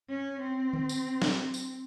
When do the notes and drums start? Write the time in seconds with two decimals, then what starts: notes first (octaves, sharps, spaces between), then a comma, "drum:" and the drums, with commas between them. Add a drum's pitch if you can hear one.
0.09 C#4
0.42 C4
0.73 drum: tom D3
0.89 drum: tambourine
1.22 drum: snare
1.54 drum: tambourine